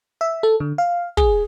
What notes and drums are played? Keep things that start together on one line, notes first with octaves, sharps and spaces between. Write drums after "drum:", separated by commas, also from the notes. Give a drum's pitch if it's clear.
E5
A4
D3
F5
G#4, drum: kick